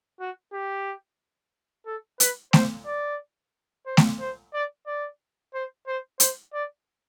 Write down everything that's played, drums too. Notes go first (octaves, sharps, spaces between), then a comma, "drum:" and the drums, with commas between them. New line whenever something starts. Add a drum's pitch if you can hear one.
F#4
G4
A4
B4, drum: hi-hat
C5, drum: snare A3
D5
C5
drum: snare A3
C5
D5
D5
C5
C5
C5, drum: hi-hat
D5